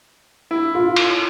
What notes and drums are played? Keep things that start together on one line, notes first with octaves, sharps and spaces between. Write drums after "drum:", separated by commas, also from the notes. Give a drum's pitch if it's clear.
E4
F4
drum: cymbal